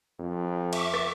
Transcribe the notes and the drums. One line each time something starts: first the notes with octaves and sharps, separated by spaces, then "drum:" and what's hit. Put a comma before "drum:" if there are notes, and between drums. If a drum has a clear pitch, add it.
F2
E5 C#6 D6, drum: cymbal
drum: rim click